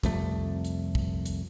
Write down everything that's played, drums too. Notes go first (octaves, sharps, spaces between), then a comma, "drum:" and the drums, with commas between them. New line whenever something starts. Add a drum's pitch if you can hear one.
C2 F2 A3, drum: kick, hi-hat
drum: hi-hat
drum: kick
drum: hi-hat